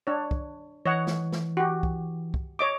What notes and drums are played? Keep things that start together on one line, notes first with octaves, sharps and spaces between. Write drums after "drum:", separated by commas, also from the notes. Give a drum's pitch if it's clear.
D4 C#5
drum: kick
E3 C#5 D#5 F#5
drum: snare
drum: snare
F#4 G4
drum: kick
drum: kick
C#5 D#5 D6